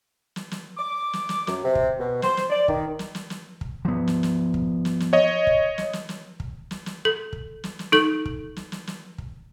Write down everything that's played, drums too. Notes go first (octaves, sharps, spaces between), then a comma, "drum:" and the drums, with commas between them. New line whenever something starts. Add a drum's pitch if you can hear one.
drum: snare
drum: snare
D6
drum: snare
drum: snare
F#2, drum: snare
C3
drum: kick
B2
C5, drum: snare
drum: snare
D5
D#3, drum: kick
drum: snare
drum: snare
drum: snare
drum: kick
F3 B3
drum: snare
drum: snare
drum: kick
drum: snare
drum: snare
C#5 D#5
drum: kick
drum: snare
drum: snare
drum: snare
drum: kick
drum: snare
drum: snare
A4
drum: kick
drum: snare
drum: snare
D#4 A4, drum: snare
drum: kick
drum: snare
drum: snare
drum: snare
drum: kick